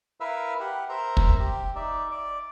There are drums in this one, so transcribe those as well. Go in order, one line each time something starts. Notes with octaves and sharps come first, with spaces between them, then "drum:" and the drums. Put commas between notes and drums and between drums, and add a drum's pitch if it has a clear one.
E4 A#4 B4 E5 F5 E6
G4 F#5
A#4 C5 E5 A#5
drum: kick
G4
D#4 D5 E5
D5